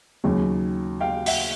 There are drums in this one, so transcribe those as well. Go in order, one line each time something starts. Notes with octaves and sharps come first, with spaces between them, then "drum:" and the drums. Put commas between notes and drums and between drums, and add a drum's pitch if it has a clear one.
D#2 C#3 F#3
F5 G5
E5 F#5, drum: open hi-hat